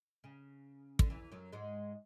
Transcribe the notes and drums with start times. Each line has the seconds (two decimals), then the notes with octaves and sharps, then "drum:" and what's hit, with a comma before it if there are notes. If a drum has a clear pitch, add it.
0.24 C#3
0.99 D3, drum: kick
1.10 E2 E3
1.31 F#2 F#3
1.52 G#2 G#3